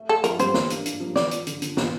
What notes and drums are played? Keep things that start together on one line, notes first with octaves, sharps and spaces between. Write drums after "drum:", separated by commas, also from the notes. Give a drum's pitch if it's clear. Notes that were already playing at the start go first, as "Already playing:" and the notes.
Already playing: A3
A4
F3 A#4, drum: hi-hat
G3 C5, drum: hi-hat
A#3, drum: snare
D4, drum: hi-hat
D4, drum: hi-hat
F3
D5, drum: snare
drum: hi-hat
D3, drum: hi-hat
D3, drum: hi-hat
A#2, drum: snare